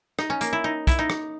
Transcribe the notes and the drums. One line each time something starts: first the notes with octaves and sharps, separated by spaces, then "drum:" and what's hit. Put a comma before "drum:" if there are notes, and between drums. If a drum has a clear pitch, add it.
D#4, drum: rim click
C#4
A#3, drum: hi-hat
E4
D#4
E4, drum: kick, hi-hat
D#4
drum: rim click